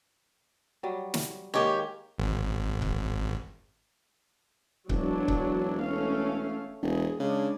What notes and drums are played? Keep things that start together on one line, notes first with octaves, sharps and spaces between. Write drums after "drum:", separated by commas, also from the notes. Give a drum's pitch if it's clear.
F#3 G3
drum: snare
D#3 G#3 A#3 G4 C#5
G#1
drum: kick C#1
E1 F#3 D4, drum: kick C#1
drum: kick C#1
A3 C#4 F5
E1 G#4
C#3 G#3 D4